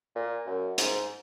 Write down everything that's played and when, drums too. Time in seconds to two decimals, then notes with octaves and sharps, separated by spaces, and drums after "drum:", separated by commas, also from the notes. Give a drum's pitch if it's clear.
0.15 A#2
0.46 F#2
0.78 G#2, drum: hi-hat